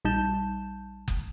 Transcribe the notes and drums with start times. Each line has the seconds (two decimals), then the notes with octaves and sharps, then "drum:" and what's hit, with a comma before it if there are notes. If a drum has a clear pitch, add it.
0.05 A#1 G3 D#4 A5 G6 E7
1.08 drum: kick F#1